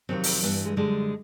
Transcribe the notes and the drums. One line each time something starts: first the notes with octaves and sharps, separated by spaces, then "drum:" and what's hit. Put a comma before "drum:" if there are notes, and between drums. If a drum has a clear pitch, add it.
F2 C3 D#3 F#3 C4
drum: open hi-hat
G2 E3 G3 B3
G#3
F#2 D3 G3 G#3